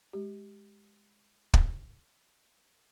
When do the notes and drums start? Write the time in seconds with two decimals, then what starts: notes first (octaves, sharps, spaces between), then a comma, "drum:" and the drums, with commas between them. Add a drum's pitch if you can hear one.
0.13 G#3 G4
1.54 drum: kick